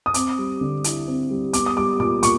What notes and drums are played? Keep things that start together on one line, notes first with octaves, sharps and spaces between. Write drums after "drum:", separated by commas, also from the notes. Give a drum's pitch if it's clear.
D#6
C4 D6, drum: hi-hat
G3
D3
E4, drum: hi-hat
C4
G3
B3 D6, drum: hi-hat
D#6
G3 D6
A#2 D6
A#2 C#6, drum: hi-hat